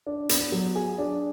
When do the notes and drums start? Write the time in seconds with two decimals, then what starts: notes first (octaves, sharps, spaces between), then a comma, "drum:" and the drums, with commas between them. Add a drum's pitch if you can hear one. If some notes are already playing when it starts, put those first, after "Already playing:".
0.07 D4
0.29 B3, drum: hi-hat
0.52 F#3
0.76 G#4
0.98 D4